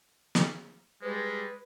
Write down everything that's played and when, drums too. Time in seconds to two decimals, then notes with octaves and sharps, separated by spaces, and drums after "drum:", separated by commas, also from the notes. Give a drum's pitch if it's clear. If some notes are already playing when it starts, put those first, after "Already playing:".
0.35 drum: snare
1.03 G3 G#3 B4